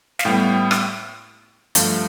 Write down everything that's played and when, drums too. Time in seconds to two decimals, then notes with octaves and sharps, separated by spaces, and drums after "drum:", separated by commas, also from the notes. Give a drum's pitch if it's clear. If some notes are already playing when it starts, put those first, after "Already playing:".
0.19 F5, drum: snare
0.25 A2 G3 B3 G5
0.71 drum: rim click
1.75 G2 F3 A3 F5, drum: hi-hat